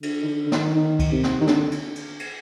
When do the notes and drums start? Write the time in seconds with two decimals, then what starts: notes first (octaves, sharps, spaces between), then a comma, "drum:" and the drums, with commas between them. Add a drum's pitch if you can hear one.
0.03 D3, drum: cymbal
0.23 D#3
0.27 D3
0.46 D3
0.52 D#3, drum: snare
0.75 D#3
0.99 drum: kick, cymbal
1.12 C3
1.23 drum: snare
1.41 D#3
1.47 D3, drum: snare
1.71 drum: cymbal
1.95 drum: cymbal
2.19 drum: cymbal